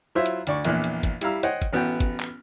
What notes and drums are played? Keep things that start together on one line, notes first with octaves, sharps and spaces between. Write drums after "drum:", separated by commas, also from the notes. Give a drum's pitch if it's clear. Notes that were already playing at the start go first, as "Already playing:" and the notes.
F#3 E4 F4 C5 E5
drum: hi-hat
D2 D5 C#6, drum: hi-hat
A#1 E2 A#2 F#6, drum: hi-hat
drum: hi-hat
drum: kick, hi-hat
G3 E4 F5 A#5 E6, drum: hi-hat
C5 C#5 D#5 F#5 G5, drum: hi-hat
drum: kick, hi-hat
A1 B3 F#4 G5
drum: kick, hi-hat
drum: clap